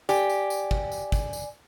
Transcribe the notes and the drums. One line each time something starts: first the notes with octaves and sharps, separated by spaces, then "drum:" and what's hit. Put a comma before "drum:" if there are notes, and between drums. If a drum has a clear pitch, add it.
G4 D5 G#5, drum: tambourine
drum: tambourine
drum: tambourine
drum: kick
drum: tambourine
drum: kick, tambourine
drum: tambourine